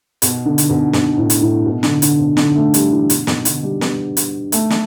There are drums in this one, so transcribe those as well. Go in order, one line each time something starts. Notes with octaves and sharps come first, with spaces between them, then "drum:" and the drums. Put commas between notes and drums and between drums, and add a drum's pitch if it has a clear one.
B2, drum: hi-hat
D3
drum: hi-hat
B2
B2, drum: snare
A2
drum: hi-hat
A2
B2
D3, drum: snare
D3, drum: hi-hat
B2
D3, drum: snare
A3
G3, drum: hi-hat
E3
B2, drum: hi-hat
B2, drum: snare
D3, drum: hi-hat
G3
B3, drum: snare
drum: hi-hat
A3, drum: hi-hat
drum: snare